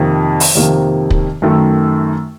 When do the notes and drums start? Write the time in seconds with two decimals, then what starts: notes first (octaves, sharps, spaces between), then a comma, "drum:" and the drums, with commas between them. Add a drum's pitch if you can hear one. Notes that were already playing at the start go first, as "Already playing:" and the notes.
Already playing: F2 C3 D#3 A#3
0.40 drum: open hi-hat
0.55 F2 C3 D#3 A#3
1.10 drum: kick
1.42 F#2 D#3 A3